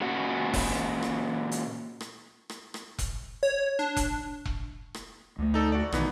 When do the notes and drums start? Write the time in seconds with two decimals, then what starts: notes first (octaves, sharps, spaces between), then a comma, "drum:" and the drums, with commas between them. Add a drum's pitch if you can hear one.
0.01 A#2 C#4 F#4 F#5
0.54 drum: kick E1, open hi-hat
1.03 drum: rim click
1.52 drum: hi-hat
2.01 drum: rim click
2.49 drum: rim click
2.74 drum: rim click
2.98 drum: kick E1, hi-hat
3.43 C#5
3.79 D4
3.96 drum: kick E1, hi-hat
4.45 drum: kick E1
4.94 drum: rim click
5.38 D2 A3
5.54 D#4 A4 D5
5.72 F#4 D5
5.92 B1 D#3 E3 B3 D#4, drum: rim click